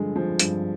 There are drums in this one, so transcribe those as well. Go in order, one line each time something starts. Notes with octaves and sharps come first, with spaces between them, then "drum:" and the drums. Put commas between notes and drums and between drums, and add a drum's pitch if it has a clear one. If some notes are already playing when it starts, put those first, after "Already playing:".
Already playing: G2 D3 F3 G#3
F3
G2, drum: hi-hat